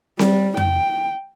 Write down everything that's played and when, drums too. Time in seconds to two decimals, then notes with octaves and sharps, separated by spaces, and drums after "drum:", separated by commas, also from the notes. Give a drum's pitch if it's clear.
0.19 G3, drum: snare C4
0.57 G5, drum: tom F2